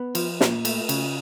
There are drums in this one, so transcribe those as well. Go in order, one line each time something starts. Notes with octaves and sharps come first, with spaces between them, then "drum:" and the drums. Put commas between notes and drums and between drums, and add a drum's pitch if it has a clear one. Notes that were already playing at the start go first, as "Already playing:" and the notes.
Already playing: B3
F3, drum: cymbal
A#2, drum: snare
A3, drum: cymbal
C#3, drum: cymbal